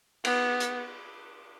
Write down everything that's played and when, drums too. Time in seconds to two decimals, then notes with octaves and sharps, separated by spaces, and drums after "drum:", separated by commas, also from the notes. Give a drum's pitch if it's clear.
0.25 B3, drum: cymbal
0.60 drum: hi-hat